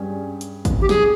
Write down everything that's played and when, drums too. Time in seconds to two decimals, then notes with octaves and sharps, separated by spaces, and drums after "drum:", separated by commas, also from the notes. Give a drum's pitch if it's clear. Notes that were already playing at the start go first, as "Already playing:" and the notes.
Already playing: G2 G3 C#4 G#4
0.41 drum: hi-hat
0.65 drum: kick, hi-hat
0.81 G4
0.89 G#4, drum: snare